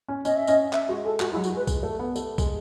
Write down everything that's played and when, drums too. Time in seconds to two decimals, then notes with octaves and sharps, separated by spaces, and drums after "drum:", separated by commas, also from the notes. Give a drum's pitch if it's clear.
0.08 C#4
0.25 C#4 D#5, drum: tambourine
0.36 E5
0.47 C#4 D#5, drum: tambourine
0.73 E5, drum: clap
0.88 G#3 F#4
1.04 G#3 A4
1.20 G#3 F#4, drum: clap
1.32 G#3 E4
1.35 F#3
1.44 F#4, drum: tambourine
1.52 G#3 B4
1.67 G#3, drum: kick, tambourine
1.83 A3
1.99 B3
2.16 A3, drum: tambourine
2.38 G#3, drum: kick, tambourine